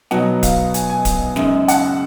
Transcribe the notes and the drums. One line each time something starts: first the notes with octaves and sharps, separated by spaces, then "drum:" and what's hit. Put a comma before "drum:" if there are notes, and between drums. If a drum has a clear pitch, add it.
B2 F#3 B3 D#4 F#5, drum: snare
F5, drum: kick D1, hi-hat
G#5, drum: hi-hat
G#5
drum: kick D1, hi-hat
F#2 C#3 G#3 D#4, drum: snare
F#5, drum: hi-hat